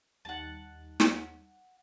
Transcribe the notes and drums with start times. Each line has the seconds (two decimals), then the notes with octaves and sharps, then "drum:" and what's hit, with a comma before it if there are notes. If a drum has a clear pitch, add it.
0.25 D#2 G3 D#4 F#5 A5
1.00 drum: snare